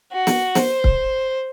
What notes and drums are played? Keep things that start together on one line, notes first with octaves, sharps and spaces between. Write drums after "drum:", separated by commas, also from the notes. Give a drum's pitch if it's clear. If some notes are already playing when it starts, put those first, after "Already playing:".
F#4
drum: snare
C5, drum: snare
drum: kick C#1